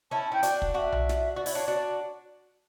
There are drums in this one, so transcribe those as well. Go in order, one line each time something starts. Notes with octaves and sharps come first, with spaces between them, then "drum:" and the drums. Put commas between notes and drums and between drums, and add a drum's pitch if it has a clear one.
C#4 E4 A5
E4 G5
D4 F#4, drum: hi-hat
drum: kick
D4 F#4 E5 F#5
drum: tom B1
drum: snare
F#4 D5
E4, drum: open hi-hat
D4 F#4 C#5
D4 F#4 D5